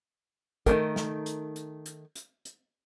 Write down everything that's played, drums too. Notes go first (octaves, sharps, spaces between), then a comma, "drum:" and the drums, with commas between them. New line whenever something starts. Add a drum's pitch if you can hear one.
D#3 E3 A3 A#4, drum: kick, hi-hat
drum: snare
drum: hi-hat
drum: hi-hat
drum: hi-hat
drum: hi-hat
drum: hi-hat